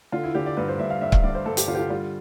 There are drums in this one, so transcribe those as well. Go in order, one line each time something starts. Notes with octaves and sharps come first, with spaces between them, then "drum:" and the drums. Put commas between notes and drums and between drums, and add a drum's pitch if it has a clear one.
D3 F4
E4
D3 G4
D5
G2 B4
C5
G2 E5
F5
G2 E5
F5, drum: kick C#1
G2 D5
C5
G2 A4
G4, drum: hi-hat
D3 F4
G4
F4
G3 F4